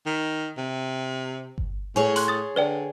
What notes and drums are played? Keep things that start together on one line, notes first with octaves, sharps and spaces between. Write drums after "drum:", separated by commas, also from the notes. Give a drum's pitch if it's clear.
D#3
C3
drum: kick G1
A2 G#4 C#5
C6 F#6, drum: hi-hat
D#6 A6
D3 B4 D5 G5